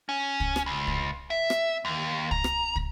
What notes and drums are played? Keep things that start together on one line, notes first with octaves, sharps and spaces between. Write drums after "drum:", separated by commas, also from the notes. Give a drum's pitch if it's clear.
C#4
drum: kick
drum: rim click
C#2
drum: kick
E5
drum: rim click
D#2
A#5, drum: kick
drum: rim click
drum: kick